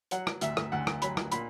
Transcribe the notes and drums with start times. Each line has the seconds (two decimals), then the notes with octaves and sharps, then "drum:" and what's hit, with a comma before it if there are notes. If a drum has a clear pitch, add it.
0.11 F#3 F#5, drum: hi-hat
0.27 drum: rim click
0.41 D2 E5, drum: hi-hat
0.57 drum: rim click
0.72 D2 F#5
0.87 drum: rim click
1.02 F#3 B5, drum: hi-hat
1.17 drum: rim click
1.32 A#2 B5, drum: hi-hat